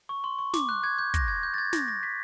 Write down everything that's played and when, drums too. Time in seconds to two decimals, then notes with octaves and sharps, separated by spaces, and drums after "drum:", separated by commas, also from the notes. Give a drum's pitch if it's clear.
0.09 C#6
0.24 C6
0.38 C#6
0.54 D6, drum: snare
0.69 F#6
0.83 G#6
0.98 G6
1.14 A#6, drum: kick, hi-hat
1.28 G#6
1.43 G6
1.54 A6
1.58 G#6
1.73 A#6, drum: snare
1.88 A#6
2.03 B6